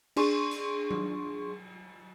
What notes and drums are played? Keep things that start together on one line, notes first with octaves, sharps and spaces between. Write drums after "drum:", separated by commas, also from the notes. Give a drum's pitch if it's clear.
D4 G#4 C6 C#6, drum: cymbal
drum: hi-hat
drum: tom F#3